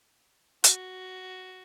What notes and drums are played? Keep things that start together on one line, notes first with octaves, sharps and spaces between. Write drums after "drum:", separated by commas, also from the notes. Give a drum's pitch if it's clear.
F#4, drum: hi-hat